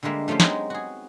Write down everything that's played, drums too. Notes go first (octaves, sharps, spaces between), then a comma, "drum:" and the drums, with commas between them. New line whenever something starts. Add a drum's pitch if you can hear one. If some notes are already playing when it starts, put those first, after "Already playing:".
D3 G3 G#3 A#3 E5
F3 A3 C#4 G4 C5
F#3 G#3 B3 C4 D#4, drum: snare
F#4 G#4